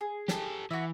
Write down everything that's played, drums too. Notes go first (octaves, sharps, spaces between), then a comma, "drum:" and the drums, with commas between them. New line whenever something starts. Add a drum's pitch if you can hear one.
G#4
G4 A4, drum: snare
E3 F#4 E5